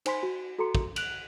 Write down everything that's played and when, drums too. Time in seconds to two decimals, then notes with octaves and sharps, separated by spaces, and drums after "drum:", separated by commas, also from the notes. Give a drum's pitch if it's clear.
0.06 D#4 C5 G#5 B5 C6 B6, drum: cymbal
0.23 F#4
0.59 F#4 A4 A#5 C6 C#7
0.75 drum: kick
0.96 F#6 D7 F7 F#7, drum: cymbal